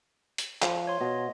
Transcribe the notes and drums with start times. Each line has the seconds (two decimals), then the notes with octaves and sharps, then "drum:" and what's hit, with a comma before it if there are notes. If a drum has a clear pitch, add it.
0.38 drum: hi-hat
0.62 F3, drum: clap
0.87 C#5 C6
1.01 B2 D#5 A#6